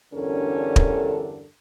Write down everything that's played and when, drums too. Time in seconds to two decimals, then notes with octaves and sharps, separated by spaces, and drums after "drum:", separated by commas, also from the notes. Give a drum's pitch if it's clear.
0.14 E2 G2 D3 C#4 A4 A#4
0.76 drum: kick